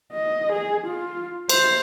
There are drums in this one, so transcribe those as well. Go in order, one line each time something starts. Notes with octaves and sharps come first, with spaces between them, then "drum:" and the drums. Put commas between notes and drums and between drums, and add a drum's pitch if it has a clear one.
D#5
G#4
F4
C5, drum: cymbal